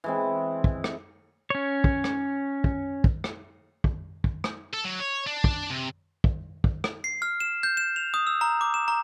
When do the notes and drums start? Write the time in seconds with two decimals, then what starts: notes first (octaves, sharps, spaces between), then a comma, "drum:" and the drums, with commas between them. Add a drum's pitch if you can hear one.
0.04 E3 G#3 C4
0.64 drum: kick
0.84 drum: rim click
1.50 C#4 C#5
1.84 drum: kick
2.04 drum: rim click
2.64 drum: kick
3.04 drum: kick
3.24 drum: rim click
3.84 drum: kick
4.24 drum: kick
4.44 drum: rim click
4.74 A4
4.85 F#3
5.01 C#5
5.27 D4
5.44 drum: kick
5.70 C3
6.24 drum: kick
6.64 drum: kick
6.84 drum: rim click
7.04 C7
7.22 F6
7.40 E7
7.63 G6
7.77 E7
7.96 F7
8.14 D#6
8.27 E6
8.41 A#5
8.61 D6
8.74 E7
8.88 A#5